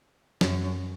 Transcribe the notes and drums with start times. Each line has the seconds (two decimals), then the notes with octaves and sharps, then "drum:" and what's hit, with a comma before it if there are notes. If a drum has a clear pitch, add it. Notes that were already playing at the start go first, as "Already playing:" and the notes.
0.41 F#2, drum: snare